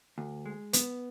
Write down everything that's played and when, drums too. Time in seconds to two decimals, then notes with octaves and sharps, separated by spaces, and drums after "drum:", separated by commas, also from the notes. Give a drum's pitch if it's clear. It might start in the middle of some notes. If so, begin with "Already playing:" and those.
0.18 D2
0.46 G#3
0.73 B3, drum: hi-hat